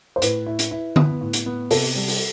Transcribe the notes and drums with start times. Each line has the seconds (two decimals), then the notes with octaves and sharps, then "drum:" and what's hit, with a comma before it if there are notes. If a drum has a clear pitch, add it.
0.16 C5
0.22 A2 B4, drum: hi-hat
0.46 E4
0.59 drum: hi-hat
0.71 E4
0.96 B3, drum: tom D3
1.21 A2
1.33 drum: hi-hat
1.46 B3
1.71 C3 A4, drum: open hi-hat
1.95 G3
2.08 drum: open hi-hat